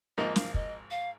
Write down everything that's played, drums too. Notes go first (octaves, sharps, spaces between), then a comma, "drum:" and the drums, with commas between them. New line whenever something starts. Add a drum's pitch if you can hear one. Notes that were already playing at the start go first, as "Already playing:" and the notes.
G#1 G#2 F3 A#3 D#4 D#5
F5, drum: snare
D#5, drum: kick
F5